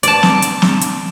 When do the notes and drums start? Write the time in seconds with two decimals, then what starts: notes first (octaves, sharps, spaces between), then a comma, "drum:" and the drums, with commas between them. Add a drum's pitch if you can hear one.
0.03 D5 A5, drum: hi-hat
0.23 drum: snare
0.42 drum: hi-hat
0.62 drum: snare
0.81 drum: hi-hat